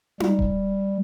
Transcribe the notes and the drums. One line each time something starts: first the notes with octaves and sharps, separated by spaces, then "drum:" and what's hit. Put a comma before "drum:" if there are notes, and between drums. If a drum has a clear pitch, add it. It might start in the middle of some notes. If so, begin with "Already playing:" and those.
G3, drum: tom D#4
drum: kick D#1